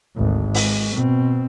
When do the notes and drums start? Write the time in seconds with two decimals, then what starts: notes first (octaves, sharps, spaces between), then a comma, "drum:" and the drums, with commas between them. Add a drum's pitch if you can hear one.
0.16 G#1 D2
0.54 G#3, drum: open hi-hat
0.94 B2 C4